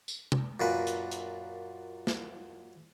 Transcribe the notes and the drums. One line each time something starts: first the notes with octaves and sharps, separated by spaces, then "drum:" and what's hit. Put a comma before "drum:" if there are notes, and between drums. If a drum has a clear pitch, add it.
drum: tambourine
drum: tom C3
F#2 A#2 B4
drum: hi-hat
drum: hi-hat
drum: snare